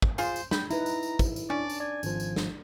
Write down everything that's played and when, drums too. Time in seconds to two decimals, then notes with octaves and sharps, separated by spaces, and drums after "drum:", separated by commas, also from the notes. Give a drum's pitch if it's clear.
0.02 drum: kick
0.18 F4 G#4 C5, drum: tambourine
0.36 drum: tambourine
0.51 G5 B5, drum: snare
0.70 D#4 E4 B4 A#5, drum: tambourine
0.86 drum: tambourine
1.03 drum: tambourine
1.19 drum: kick, tambourine
1.36 drum: tambourine
1.50 C#4 D4 D5
1.70 drum: tambourine
1.80 D5 G#5
2.03 G#1 F3, drum: tambourine
2.20 drum: tambourine
2.36 drum: snare